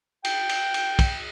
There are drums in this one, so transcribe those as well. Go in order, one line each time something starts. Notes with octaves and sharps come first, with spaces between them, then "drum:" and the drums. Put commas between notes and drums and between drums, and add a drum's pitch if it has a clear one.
G5, drum: cymbal
drum: cymbal
drum: cymbal
drum: kick, cymbal